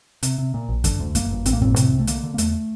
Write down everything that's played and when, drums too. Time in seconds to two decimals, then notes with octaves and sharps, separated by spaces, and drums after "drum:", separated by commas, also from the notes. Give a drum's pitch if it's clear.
0.23 C3, drum: hi-hat
0.38 C3
0.54 A#2
0.69 A#1
0.84 D3, drum: kick F#2, hi-hat
1.00 D2
1.15 G1 A#3, drum: kick F#2, hi-hat
1.31 G1
1.46 A1 C4, drum: hi-hat
1.53 A#3
1.62 A2 C4, drum: kick F#2
1.76 C3 C4, drum: hi-hat
1.92 C2
1.99 A3
2.07 D3 A#3, drum: hi-hat
2.23 D3
2.34 A#3
2.38 E2 A3, drum: hi-hat